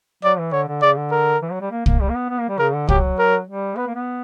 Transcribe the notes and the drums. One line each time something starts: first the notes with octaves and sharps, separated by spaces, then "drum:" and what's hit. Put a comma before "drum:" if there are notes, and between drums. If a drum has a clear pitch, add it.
F#3 D5
E3
D3 C#5
D3
C#3 D5
D3
A#4
E3
F#3
G3
A#3
A#3, drum: kick
G3
A#3
B3
B3
A#3
G3
C#3 A#4
D3
F#3 G4, drum: kick
A#4
G3
B3 B4
A#3
B3